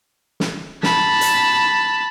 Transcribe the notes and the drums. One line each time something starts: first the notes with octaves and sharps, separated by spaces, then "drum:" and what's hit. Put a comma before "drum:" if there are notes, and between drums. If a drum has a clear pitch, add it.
drum: snare
A5 B5, drum: snare
drum: hi-hat